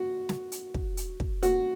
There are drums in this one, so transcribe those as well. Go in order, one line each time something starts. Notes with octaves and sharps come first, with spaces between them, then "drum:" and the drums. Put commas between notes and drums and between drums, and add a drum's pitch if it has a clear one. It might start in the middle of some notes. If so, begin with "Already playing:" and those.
Already playing: F#4
drum: snare
drum: hi-hat
drum: kick
drum: hi-hat
drum: kick
F#4, drum: hi-hat